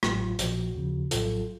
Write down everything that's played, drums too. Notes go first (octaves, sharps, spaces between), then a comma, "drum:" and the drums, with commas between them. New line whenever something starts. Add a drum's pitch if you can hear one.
A1 A2 F#3 F4, drum: rim click
F4
A#1 A#2 F3 F#4, drum: hi-hat
D#2 C#3 F3
A#1 A2 F#3 F4 A4, drum: hi-hat